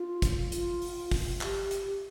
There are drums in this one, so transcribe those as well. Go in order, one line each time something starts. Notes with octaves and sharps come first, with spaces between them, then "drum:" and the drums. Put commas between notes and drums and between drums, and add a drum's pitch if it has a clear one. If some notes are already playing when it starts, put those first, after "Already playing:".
Already playing: F4
drum: kick, hi-hat
F4, drum: hi-hat
drum: open hi-hat
drum: kick, open hi-hat
G4, drum: clap
drum: hi-hat